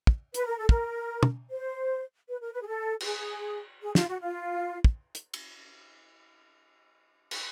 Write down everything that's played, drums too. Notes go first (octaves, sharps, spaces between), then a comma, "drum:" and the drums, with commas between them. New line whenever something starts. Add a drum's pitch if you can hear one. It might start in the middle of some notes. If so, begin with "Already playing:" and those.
drum: kick
B4, drum: hi-hat
A#4
A4
A#4, drum: kick
drum: tom
C5
B4
A#4
B4
G#4
A4
G4, drum: cymbal
G#4
G#4
F4, drum: snare
F#4
F4
drum: kick
drum: hi-hat
drum: cymbal
drum: cymbal